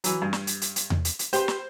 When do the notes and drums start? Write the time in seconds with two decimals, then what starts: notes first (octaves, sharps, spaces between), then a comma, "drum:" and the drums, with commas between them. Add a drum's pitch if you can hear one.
0.04 E3 F#3, drum: hi-hat
0.22 G2
0.33 drum: snare
0.47 drum: hi-hat
0.62 drum: hi-hat
0.76 drum: hi-hat
0.90 drum: tom E2
1.05 drum: hi-hat
1.19 drum: hi-hat
1.33 G4 B4 C5 C6, drum: hi-hat
1.48 drum: snare